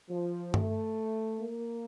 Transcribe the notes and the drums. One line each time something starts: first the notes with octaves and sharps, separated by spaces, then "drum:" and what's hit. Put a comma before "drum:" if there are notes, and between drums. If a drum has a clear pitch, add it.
F3
A3, drum: tom G2
A#3